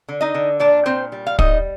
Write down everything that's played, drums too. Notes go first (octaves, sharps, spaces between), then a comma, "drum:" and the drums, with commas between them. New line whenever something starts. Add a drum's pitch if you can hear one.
D3
D#4 D#5
D3
A#2 D4 D5
A#2 C4 C5
G3
F5
G3 D#4 D#5, drum: kick